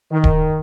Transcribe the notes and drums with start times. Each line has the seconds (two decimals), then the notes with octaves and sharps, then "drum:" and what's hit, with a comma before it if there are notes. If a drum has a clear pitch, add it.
0.12 D#3
0.24 drum: kick D1